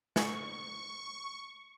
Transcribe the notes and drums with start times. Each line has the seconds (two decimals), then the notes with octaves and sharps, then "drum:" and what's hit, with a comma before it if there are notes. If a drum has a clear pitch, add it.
0.16 F#5 G#5 B5 C#6, drum: snare